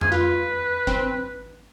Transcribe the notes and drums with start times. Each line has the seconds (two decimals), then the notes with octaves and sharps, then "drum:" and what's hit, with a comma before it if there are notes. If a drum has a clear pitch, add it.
0.01 G#4, drum: tom F2
0.11 F4 B4
0.87 C4, drum: kick F#1